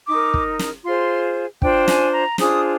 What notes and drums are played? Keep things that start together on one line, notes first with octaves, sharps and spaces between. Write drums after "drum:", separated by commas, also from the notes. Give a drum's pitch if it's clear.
D#4 A#4 D6
drum: kick
drum: snare
F4 G#4 C5 C6
D4 F4 C5 G5, drum: kick
G#5, drum: snare
A#5
D4 F4 G#4 C5 D#6, drum: snare